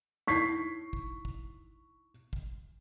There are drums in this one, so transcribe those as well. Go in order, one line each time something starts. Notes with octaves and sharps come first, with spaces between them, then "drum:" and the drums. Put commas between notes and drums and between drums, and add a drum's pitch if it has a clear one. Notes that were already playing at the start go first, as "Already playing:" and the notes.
D#4 E4 C#5 C#6 B6 C7, drum: snare
drum: kick
drum: kick
drum: kick